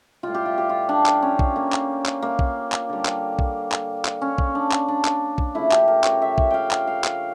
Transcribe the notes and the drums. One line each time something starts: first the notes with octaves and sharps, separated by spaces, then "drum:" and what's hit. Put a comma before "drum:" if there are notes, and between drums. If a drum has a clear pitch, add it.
A2 G3 F4
G4
F4
G4
F4
D4
drum: clap
C#4
drum: kick
A#3
drum: clap
drum: clap
A#3
drum: kick
drum: clap
D3 G3
drum: clap
drum: kick
drum: clap
drum: clap
C#4
drum: kick
D4
drum: clap
D4
drum: clap
drum: kick
C#3 F3 A3 E4
G4, drum: clap
A#4
C#5, drum: clap
E5
drum: kick
F5 G5
drum: clap
F5
drum: clap